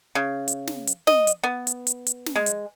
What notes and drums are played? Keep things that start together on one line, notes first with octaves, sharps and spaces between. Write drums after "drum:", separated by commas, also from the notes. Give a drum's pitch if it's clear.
C#3
drum: hi-hat
drum: snare
drum: hi-hat
D#5, drum: snare
drum: hi-hat
B3
drum: hi-hat
drum: hi-hat
drum: hi-hat
drum: snare
G#3
drum: hi-hat